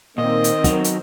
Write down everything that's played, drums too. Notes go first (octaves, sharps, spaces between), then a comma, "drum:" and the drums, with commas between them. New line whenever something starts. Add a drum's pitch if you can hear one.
A#2 D#3 C4 D#5
drum: hi-hat
F#3 D#4 F#4, drum: kick, hi-hat
drum: hi-hat